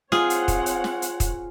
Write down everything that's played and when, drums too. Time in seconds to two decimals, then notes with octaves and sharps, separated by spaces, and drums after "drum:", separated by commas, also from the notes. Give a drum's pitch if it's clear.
0.12 C4 F4 G#4 C5 C#5 F#5 G#5, drum: snare
0.30 drum: hi-hat
0.48 drum: kick, hi-hat
0.66 drum: hi-hat
0.84 drum: snare
1.02 drum: hi-hat
1.20 drum: kick, hi-hat